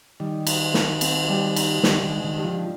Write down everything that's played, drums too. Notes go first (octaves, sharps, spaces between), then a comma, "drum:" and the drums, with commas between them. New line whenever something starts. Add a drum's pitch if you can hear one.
D#3 G3
D#4, drum: cymbal
A#4, drum: snare
C4, drum: cymbal
G3
D#4, drum: cymbal
G2 D#3, drum: snare
D#3
G#3
D#3
G2
F3